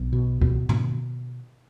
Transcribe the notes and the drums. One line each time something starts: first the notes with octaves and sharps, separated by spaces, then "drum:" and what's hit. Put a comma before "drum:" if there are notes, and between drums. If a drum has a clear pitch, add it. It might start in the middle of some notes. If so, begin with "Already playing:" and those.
Already playing: B1
B2
B2, drum: kick
B2, drum: tom